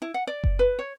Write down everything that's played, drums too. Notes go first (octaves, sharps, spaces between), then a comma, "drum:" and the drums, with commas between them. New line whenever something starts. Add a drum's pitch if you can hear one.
E4
F#5
D5
drum: kick F#1
B4
C#5